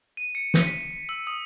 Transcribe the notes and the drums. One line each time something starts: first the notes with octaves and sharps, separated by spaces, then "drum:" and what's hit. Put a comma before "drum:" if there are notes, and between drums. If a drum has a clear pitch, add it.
D#7
C#7
drum: snare
B6
E6
D#6